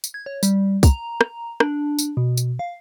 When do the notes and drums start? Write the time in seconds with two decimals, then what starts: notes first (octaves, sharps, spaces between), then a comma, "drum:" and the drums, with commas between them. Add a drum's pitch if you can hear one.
0.04 drum: tambourine
0.14 G#6
0.26 C#5
0.43 G3, drum: tambourine
0.83 A#5, drum: kick, tambourine
1.21 drum: rim click
1.60 D4, drum: rim click
1.99 drum: tambourine
2.17 B2
2.37 drum: tambourine
2.59 F5